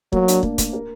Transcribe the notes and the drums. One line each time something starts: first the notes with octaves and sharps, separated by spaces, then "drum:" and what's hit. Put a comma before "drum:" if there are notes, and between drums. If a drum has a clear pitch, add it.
F#3 A#3, drum: kick
D4, drum: hi-hat
A#3, drum: kick
A#3, drum: kick, hi-hat
A#4